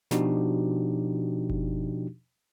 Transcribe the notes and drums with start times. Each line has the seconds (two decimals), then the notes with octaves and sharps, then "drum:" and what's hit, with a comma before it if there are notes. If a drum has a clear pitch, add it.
0.11 B2 F3 D4 D#4 F#4 G4, drum: snare
1.50 drum: kick F#1